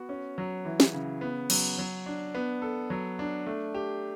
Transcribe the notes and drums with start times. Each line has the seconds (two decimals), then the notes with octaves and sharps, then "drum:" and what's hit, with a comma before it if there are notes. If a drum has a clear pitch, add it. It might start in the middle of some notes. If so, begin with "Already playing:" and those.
Already playing: B3 F#4
0.09 C#4
0.38 F#3
0.65 E3
0.80 drum: snare
0.93 C#3
1.21 B3
1.50 F#3, drum: cymbal
1.79 F#3
2.06 D4
2.34 B3
2.62 A4
2.90 F#3
3.19 D4
3.46 A3
3.74 G4